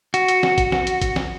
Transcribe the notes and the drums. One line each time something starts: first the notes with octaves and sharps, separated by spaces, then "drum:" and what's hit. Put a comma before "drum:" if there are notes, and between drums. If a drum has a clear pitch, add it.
F#4, drum: hi-hat
drum: hi-hat
drum: snare
drum: kick, hi-hat
drum: snare
drum: hi-hat
drum: kick, hi-hat
drum: snare